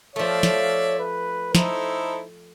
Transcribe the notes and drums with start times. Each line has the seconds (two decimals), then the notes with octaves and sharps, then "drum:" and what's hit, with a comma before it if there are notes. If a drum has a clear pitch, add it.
0.16 F3 A3 C#5 D5 E5 F5
0.43 drum: snare
1.00 B4
1.55 D#4 E4 A4 C5, drum: snare